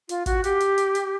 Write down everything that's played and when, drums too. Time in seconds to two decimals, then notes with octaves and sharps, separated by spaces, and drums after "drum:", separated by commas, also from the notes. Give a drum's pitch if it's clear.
0.09 F4, drum: hi-hat
0.26 F#4, drum: kick, hi-hat
0.44 G4, drum: hi-hat
0.60 drum: hi-hat
0.78 drum: hi-hat
0.95 drum: hi-hat